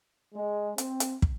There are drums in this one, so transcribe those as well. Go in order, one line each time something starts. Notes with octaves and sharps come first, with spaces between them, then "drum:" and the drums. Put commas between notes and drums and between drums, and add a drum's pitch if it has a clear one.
G#3
C4, drum: hi-hat
drum: hi-hat
drum: kick